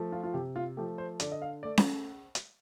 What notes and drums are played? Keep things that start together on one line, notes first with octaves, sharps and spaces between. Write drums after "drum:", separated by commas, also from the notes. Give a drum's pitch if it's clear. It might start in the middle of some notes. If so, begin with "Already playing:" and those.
Already playing: F3 A3
F4
F4
C3 G4
F4
F3 A3 G4
C5
D3 D5, drum: hi-hat
D#5
F5
A3 D5
drum: snare C#4
drum: hi-hat